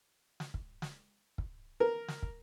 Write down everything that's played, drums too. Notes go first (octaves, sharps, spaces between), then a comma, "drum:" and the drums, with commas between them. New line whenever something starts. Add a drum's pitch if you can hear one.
drum: snare
drum: kick
drum: snare
drum: kick
A#4
drum: snare
drum: kick